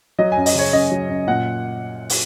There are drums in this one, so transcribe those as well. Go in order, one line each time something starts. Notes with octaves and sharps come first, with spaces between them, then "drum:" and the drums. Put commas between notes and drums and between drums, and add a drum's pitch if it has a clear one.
F#3 D#5
G#5
F#2
D#5, drum: open hi-hat
C#3 C#5
F#2 D#5
F#3
F#2
A#2 F#5
drum: open hi-hat